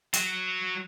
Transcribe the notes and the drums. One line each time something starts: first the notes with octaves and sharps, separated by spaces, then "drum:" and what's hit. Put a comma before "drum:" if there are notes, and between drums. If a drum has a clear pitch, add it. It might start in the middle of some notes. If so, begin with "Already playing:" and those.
F#3 F#4, drum: hi-hat